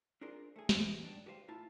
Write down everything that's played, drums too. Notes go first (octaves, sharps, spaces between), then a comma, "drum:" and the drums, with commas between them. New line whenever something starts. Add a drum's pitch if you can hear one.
D4 F4 G#4 A#4 C5
A3 G#4
F#2 E3 B3 C5 D#5, drum: snare
G2 F#3 D4
F#4 G4 B4 C5 E5 F5
A2 E4 F4 A5